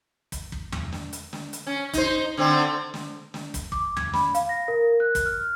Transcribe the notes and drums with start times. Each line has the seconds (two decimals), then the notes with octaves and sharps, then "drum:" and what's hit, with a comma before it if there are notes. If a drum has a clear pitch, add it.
0.32 drum: kick, hi-hat
0.52 drum: kick
0.72 drum: tom E2
0.92 drum: snare
1.13 drum: hi-hat
1.33 drum: snare
1.53 drum: hi-hat
1.67 C#4
1.93 D#4 C5, drum: kick, hi-hat
2.37 D3 A3 C4
2.94 drum: snare
3.34 drum: snare
3.54 drum: kick, hi-hat
3.72 D6, drum: kick
3.97 G#6, drum: tom E2
4.13 B5, drum: snare
4.34 F5, drum: hi-hat
4.49 A#6
4.68 A#4
5.00 F#6
5.15 drum: kick, hi-hat
5.26 F6